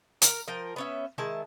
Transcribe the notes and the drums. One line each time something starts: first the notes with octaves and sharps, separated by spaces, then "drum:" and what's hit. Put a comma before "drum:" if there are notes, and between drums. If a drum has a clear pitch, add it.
A#4 A#5, drum: hi-hat
F3 A#4 G5
B3 C#4 E5
D#3 G#3 E4 A5